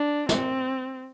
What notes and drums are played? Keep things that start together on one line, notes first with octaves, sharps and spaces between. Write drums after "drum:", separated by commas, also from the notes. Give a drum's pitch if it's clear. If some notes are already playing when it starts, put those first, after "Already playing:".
Already playing: D4
C4, drum: snare